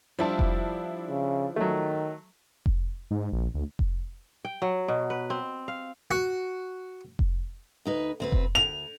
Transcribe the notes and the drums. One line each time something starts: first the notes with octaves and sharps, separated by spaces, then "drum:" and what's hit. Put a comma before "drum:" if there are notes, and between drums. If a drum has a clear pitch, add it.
F3 G3 D4 E4 F4 A5
drum: kick F1
C#3
D#3 F#3 A3
drum: kick F1
G#2
A#1
D2
drum: kick F1
G5
F#3
B2
B4
C4
F5
F#4
drum: kick F1
D2 D#4 B4
D2 C4 B4
drum: kick F1
D2 F7